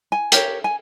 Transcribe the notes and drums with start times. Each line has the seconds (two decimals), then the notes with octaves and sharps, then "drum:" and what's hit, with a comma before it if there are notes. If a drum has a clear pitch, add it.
0.12 G#5
0.32 G4 A#4 C#5, drum: hi-hat
0.64 G#5